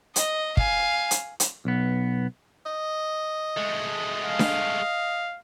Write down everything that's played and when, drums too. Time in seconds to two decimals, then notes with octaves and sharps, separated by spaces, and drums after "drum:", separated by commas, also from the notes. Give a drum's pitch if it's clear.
0.16 D#5, drum: hi-hat
0.57 F5 G#5, drum: kick
1.11 drum: hi-hat
1.40 drum: hi-hat
1.65 B1 B3
2.66 D#5
3.57 G#3 A3
4.24 F5
4.39 drum: snare D4